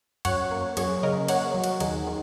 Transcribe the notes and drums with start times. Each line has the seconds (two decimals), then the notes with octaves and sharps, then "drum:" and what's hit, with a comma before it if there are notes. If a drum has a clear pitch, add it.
0.25 F#2 C#5 F#5, drum: cymbal
0.51 A#3
0.77 F#2 G#4 C#5, drum: cymbal
1.03 C#3 A#4 D#5
1.28 A#3 C#5 F#5, drum: cymbal
1.54 F#3
1.64 drum: cymbal
1.80 D#2 D#4 G#4, drum: cymbal
2.07 D#3